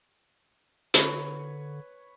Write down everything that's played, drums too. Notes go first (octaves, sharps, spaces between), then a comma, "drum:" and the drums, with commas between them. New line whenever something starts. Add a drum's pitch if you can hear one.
D3 B4 C#5, drum: hi-hat